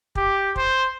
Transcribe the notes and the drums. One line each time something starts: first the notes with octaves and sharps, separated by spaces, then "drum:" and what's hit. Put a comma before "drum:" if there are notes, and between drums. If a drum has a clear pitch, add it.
G4, drum: kick
C5, drum: kick